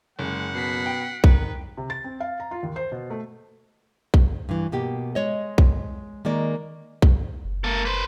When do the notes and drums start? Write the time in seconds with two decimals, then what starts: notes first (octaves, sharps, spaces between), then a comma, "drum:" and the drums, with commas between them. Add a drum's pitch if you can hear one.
0.19 F#1 G#3 F#5
0.54 B2 B6 C7
0.86 G5
1.24 D#3 B4, drum: kick B1
1.77 C3
1.90 A6
2.04 C4
2.20 F5
2.40 A#5
2.51 F4
2.63 D#2
2.76 C5
2.92 B2
3.10 A3
4.14 drum: kick B1
4.49 G2 E3
4.72 B2 A#3 G4
5.15 G#3 C#5 D#5
5.58 drum: kick B1
6.25 D#3 G#3 A#3 D5
7.02 drum: kick B1
7.45 F#1
7.64 A#3 A4
7.85 B4 C5